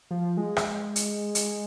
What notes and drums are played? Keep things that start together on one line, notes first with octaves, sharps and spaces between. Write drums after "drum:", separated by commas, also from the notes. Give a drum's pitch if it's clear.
F3
G#3
drum: rim click
drum: hi-hat
drum: hi-hat